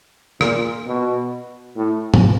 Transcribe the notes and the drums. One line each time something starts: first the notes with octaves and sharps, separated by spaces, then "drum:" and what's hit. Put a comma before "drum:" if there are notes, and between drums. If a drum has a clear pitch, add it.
A#2, drum: rim click
B2
A2
drum: tom